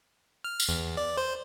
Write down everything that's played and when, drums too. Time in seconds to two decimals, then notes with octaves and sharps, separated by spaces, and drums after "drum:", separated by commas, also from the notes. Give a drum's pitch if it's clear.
0.44 F6
0.60 drum: tambourine
0.69 E2
0.97 D5
1.17 C5